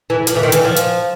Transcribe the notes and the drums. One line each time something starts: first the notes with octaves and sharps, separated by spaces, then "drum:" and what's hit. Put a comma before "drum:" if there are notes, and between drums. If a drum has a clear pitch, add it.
E3
F3, drum: hi-hat
E3
D#3
E3, drum: hi-hat
F3
drum: hi-hat